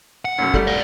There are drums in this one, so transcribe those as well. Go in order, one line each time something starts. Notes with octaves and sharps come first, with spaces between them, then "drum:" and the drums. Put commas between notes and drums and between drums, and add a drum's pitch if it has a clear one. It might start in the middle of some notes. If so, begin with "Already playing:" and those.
F#5
B1 F#2
G3 A3, drum: kick
D5 F5